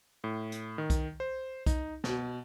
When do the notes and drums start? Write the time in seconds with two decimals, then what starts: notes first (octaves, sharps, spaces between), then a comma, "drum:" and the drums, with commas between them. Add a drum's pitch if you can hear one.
0.24 A2
0.52 drum: hi-hat
0.78 D#3
0.90 drum: kick B1, hi-hat
1.20 C5
1.66 D#4, drum: kick B1, hi-hat
2.04 B2, drum: snare